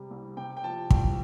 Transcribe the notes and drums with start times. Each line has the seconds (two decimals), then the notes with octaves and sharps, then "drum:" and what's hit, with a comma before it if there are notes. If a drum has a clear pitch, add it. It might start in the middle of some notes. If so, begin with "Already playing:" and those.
Already playing: C3 G3
0.11 C2
0.37 C3 G5
0.57 G5
0.64 F3 A5
0.90 C2 G5, drum: kick